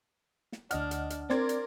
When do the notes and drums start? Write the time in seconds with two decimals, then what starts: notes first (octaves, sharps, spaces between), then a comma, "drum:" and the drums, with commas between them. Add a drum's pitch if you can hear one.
0.52 drum: snare
0.71 D2 D4 D#5 F#5 F6, drum: hi-hat
0.91 drum: hi-hat
1.10 drum: hi-hat
1.30 C4 A#4 D5 C6 G#6, drum: snare
1.49 drum: hi-hat